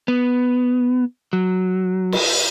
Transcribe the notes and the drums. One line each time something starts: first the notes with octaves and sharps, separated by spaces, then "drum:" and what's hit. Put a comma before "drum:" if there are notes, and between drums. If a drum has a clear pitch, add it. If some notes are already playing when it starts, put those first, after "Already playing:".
B3
F#3
drum: cymbal